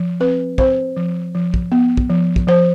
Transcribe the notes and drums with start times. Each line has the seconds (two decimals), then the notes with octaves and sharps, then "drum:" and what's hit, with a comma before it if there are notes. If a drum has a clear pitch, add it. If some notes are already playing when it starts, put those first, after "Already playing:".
Already playing: F3
0.20 C4 B4
0.58 C4 C5, drum: kick
0.97 F3
1.35 F3
1.54 drum: kick
1.72 B3
1.97 drum: kick
2.10 F3
2.36 drum: kick
2.48 F3 C5